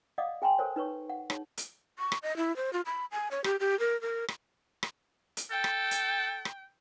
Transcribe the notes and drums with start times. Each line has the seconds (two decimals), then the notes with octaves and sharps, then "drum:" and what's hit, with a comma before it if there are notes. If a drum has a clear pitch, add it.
0.18 D5 D#5 F5 F#5 D6 D#6
0.42 G#4 G5 G#5 A#5 C6
0.59 A4 A#4 C5 C#5
0.76 D#4 B4 C#5 C#6
1.09 F#5
1.30 D#4 G#4 C#5, drum: rim click
1.57 drum: hi-hat
1.98 C#6
2.12 drum: rim click
2.23 D#5
2.37 E4
2.56 C5
2.73 F4
2.86 B5
3.12 G#5
3.31 C#5
3.44 G4, drum: rim click
3.60 G4
3.80 A#4
4.01 A#4
4.28 drum: rim click
4.83 drum: rim click
5.37 drum: hi-hat
5.51 A4 G5
5.64 drum: rim click
5.91 drum: hi-hat
6.45 drum: rim click